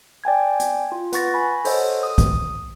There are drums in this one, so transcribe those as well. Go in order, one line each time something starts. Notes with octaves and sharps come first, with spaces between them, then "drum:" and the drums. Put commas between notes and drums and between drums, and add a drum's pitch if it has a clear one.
D5 G5 G#5 G#6
drum: hi-hat
F4
B4 F#5 C#6 A6 A#6, drum: hi-hat
G#5 B5
A4 C5 C#5 D#5 F#5, drum: open hi-hat
D#6
drum: kick B1, hi-hat